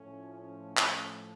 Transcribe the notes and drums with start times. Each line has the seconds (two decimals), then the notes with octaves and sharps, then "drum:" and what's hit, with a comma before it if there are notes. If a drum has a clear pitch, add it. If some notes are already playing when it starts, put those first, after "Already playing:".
Already playing: A2 F3 A3 C#4
0.34 C#4
0.77 drum: clap